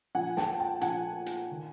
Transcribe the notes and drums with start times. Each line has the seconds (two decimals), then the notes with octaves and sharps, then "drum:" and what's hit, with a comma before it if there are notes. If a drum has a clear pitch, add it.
0.15 A#2 F3 F#5 G#5
0.37 G5 A5, drum: snare
0.59 G5 A5
0.81 A#2 F3 F#5 G#5, drum: hi-hat
1.26 drum: hi-hat
1.51 D#3